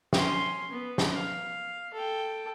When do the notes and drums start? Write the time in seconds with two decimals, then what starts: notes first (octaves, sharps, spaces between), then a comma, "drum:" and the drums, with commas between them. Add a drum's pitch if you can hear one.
0.13 C#4 C6, drum: snare
0.71 B3
0.98 drum: snare
1.14 F5
1.93 A4 G5